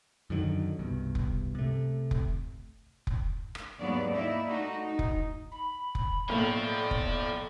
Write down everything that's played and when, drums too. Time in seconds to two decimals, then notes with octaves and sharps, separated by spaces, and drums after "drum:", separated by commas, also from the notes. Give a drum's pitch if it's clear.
0.30 F#2 D3 D#3 F#3
0.79 C2 G2 B2
1.15 drum: kick F1
1.55 C3 A3
2.11 drum: kick F1
3.07 drum: kick F1
3.55 drum: rim click
3.79 D#2 G#2 F#3 B3 D5
4.11 A#3 D#4 E4 D5 E5
4.45 A3 D#4 F#4
4.85 D#4
4.99 drum: kick F1
5.52 B5
5.95 drum: kick F1
6.29 B1 A2 F3 A#3 D5
6.91 drum: kick F1